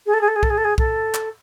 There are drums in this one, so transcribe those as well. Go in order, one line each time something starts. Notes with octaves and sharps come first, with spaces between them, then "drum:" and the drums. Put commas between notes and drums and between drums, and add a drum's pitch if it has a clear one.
G#4
A4
G#4
A4
G#4
A4, drum: kick B1
G#4
A4
G#4
A4, drum: kick B1
drum: clap